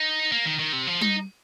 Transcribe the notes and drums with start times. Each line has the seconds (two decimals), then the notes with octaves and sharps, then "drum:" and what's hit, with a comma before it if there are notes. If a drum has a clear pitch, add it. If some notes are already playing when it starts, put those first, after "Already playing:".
Already playing: D#4
0.32 A#3
0.46 D#3
0.59 D#3
0.73 C3
0.87 F3
1.01 D#4, drum: tom G3